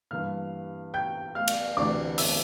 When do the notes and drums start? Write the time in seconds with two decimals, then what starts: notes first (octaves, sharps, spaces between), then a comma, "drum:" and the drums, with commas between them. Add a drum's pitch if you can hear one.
0.11 G2 E3 A#3 F5 F6
0.94 G5 G6
1.35 F5 F6
1.48 drum: cymbal
1.77 D2 C3 E3 D5 D6
2.18 E5 E6, drum: open hi-hat